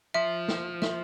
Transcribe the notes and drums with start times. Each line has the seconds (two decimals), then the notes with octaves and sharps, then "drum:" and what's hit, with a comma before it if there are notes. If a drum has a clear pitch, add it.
0.14 F3 E5
0.48 drum: snare
0.82 E5, drum: snare